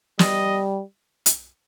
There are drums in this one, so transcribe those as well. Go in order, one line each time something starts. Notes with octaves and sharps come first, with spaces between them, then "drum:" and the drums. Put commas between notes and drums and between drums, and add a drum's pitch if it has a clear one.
G3 D#5, drum: snare
drum: hi-hat